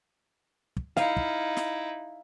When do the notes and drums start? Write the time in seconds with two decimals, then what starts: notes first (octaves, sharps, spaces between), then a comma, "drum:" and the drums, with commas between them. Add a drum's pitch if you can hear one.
0.77 drum: kick
0.97 D#4 E4 F5, drum: snare
1.17 drum: kick
1.57 drum: snare